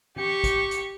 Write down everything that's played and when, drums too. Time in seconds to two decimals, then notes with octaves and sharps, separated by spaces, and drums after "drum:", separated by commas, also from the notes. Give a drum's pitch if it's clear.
0.16 G4 C#6, drum: tom E3
0.44 drum: kick, hi-hat
0.71 drum: hi-hat